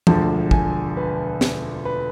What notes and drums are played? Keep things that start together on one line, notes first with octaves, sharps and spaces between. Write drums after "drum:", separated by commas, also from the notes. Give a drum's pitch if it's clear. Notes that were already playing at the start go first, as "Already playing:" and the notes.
E1 D2 D3 F3 A5, drum: tom
G#5, drum: kick
B4
drum: snare
B4